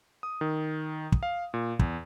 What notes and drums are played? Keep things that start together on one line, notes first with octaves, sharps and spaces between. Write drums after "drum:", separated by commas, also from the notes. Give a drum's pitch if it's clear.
D#6
D#3
drum: kick
F5
A#2
E2, drum: kick